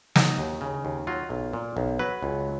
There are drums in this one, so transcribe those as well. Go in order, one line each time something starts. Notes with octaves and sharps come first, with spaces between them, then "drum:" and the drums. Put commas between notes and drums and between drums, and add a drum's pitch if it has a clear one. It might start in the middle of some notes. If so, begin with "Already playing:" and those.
F#3 D#4, drum: snare
D#2
C#3
D#2
F#3 F4
B1
A#2
B1
F#3 B4
C#2